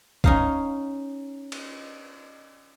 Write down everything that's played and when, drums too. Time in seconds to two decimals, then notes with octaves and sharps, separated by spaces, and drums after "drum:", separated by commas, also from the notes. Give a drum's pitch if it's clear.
0.24 C#4 D#4 F5, drum: kick B1
1.52 drum: cymbal